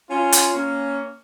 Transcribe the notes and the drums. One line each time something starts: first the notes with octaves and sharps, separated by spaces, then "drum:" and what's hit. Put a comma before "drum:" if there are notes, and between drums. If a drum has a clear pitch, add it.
C#4 F4
drum: hi-hat
A#3 C#4